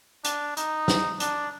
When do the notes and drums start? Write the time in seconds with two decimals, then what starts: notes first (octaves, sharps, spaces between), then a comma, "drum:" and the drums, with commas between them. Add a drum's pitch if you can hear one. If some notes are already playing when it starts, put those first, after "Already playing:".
0.24 D4, drum: hi-hat
0.57 D#4, drum: hi-hat
0.88 drum: snare
1.20 D4, drum: hi-hat